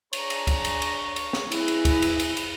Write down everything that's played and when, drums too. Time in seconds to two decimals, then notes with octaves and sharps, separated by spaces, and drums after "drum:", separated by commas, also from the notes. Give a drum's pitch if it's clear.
0.13 D4 G#4 C#5 A#5, drum: cymbal
0.30 drum: cymbal
0.47 drum: kick, cymbal
0.64 drum: cymbal
0.82 drum: cymbal
1.16 drum: cymbal
1.33 drum: snare
1.52 E4 G#4 B4, drum: cymbal
1.68 drum: cymbal
1.85 drum: kick, cymbal
2.02 drum: cymbal
2.19 drum: cymbal
2.37 drum: cymbal